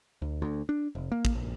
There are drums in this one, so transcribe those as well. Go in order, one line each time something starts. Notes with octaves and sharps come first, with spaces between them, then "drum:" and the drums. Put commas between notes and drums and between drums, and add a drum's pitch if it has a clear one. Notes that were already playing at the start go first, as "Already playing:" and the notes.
D2
D2
D4
F1
A#3
drum: kick
A#1